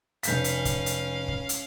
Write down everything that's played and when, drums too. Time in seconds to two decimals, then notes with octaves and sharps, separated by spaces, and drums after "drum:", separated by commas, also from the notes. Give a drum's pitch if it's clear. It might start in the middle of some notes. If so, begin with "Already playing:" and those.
0.23 F1 C#4 F5 G6 B6, drum: hi-hat
0.44 drum: hi-hat
0.65 drum: kick, hi-hat
0.86 drum: hi-hat
1.28 drum: kick
1.49 drum: hi-hat